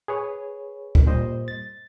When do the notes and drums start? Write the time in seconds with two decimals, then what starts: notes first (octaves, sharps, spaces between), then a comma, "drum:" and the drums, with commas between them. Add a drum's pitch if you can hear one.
0.08 G#4 B4 C#5
0.95 drum: kick
1.06 A#2 G3 C5 D#5
1.48 A6